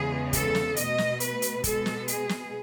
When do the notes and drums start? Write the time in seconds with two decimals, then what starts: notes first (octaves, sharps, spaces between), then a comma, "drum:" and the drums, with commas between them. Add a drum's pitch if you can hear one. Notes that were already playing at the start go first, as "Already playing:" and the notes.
Already playing: E2 C#3 G#3 B3 G#4
0.33 A4, drum: kick, hi-hat
0.55 drum: snare
0.76 B2 A3 D#5, drum: hi-hat
0.98 drum: snare
1.20 B4, drum: hi-hat
1.42 drum: hi-hat
1.64 B2 G#3 B3 A4, drum: kick, hi-hat
1.86 drum: snare
2.08 G#4, drum: hi-hat
2.29 drum: snare